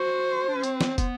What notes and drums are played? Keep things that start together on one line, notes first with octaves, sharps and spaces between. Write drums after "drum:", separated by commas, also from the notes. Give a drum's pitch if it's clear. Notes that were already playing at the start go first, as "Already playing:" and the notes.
Already playing: F#4 C5
D4
C#4
C4, drum: hi-hat
drum: snare
B3, drum: kick, hi-hat